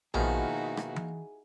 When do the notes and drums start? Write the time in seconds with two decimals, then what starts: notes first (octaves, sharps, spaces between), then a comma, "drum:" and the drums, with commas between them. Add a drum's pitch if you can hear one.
0.14 B2 D#3 F3 A#3 D#4 E4 F#4 G#4, drum: tom A#1
0.77 drum: rim click
0.96 drum: tom E3